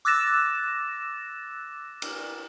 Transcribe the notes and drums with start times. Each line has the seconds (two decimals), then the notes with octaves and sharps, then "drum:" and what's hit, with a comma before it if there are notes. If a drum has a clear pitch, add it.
0.05 D6 E6 F#6 A6 A#6 E7
2.02 drum: cymbal